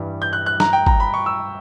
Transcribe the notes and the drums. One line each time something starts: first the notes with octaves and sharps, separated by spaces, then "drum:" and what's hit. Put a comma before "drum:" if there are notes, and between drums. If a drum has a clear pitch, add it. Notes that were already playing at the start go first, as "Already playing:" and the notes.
Already playing: G2 E3 G3
G6
F#6
F#6
A#5, drum: snare
G5
A#5, drum: kick
B5
C#6
E6